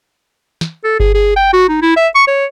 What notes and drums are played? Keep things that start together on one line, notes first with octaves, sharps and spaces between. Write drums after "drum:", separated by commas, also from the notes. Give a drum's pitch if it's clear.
drum: snare
A4
G#4, drum: kick G1
G#4
G5
F#4
D#4
E4
E5
C#6
C#5